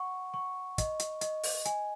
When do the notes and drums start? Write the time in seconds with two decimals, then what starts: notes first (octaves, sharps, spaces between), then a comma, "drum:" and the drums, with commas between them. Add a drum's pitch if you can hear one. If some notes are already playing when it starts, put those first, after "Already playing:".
Already playing: F#5 C#6
0.34 C#6
0.78 D#5, drum: kick, hi-hat
1.00 drum: hi-hat
1.21 D#5, drum: hi-hat
1.43 drum: open hi-hat
1.65 G#5, drum: hi-hat